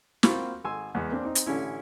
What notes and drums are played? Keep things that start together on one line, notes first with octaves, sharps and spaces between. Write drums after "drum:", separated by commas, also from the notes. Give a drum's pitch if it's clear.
A#3 C4 F4 F#4 B5 C#6, drum: snare
G#1 G#5 C6 E6
E2 G#3 B3
A#3 C4 D4
C4 D#4
drum: hi-hat
A1 D3 C#4 E4